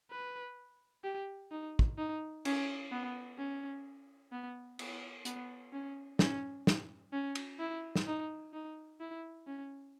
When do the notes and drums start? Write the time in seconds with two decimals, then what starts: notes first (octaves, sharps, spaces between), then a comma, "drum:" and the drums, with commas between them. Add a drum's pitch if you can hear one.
0.11 B4
1.04 G4
1.51 D#4
1.79 drum: kick
1.98 D#4
2.45 C#4, drum: cymbal
2.92 B3
3.38 C#4
4.32 B3
4.79 B3, drum: cymbal
5.25 B3, drum: hi-hat
5.73 C#4
6.19 C#4, drum: snare
6.67 drum: snare
7.13 C#4
7.35 drum: cymbal
7.59 E4
7.96 drum: snare
8.07 D#4
8.54 D#4
9.00 E4
9.47 C#4